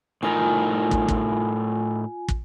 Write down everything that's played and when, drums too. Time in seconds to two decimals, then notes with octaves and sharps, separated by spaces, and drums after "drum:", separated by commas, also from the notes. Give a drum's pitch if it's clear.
0.23 A2 D#4 F4 A#4 G#5
0.91 drum: kick
1.08 drum: kick
2.28 drum: kick